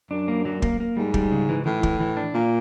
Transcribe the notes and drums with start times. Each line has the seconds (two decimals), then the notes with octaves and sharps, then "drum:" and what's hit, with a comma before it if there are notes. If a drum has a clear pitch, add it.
0.11 F#2 D4
0.28 A#3
0.45 F#3
0.62 A#3, drum: kick
0.80 A#3
0.97 G#2 G3
1.14 G3, drum: kick
1.32 C#3
1.49 E3
1.66 A2 E3
1.83 E3, drum: kick
2.00 E3
2.17 D4
2.34 A#2 A#3